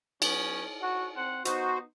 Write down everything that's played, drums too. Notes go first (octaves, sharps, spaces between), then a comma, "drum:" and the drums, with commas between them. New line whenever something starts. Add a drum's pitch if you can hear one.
F#3 B3 C#4, drum: cymbal
F#4
C4 C5 F#5
B3 D#4 F#4 C5, drum: hi-hat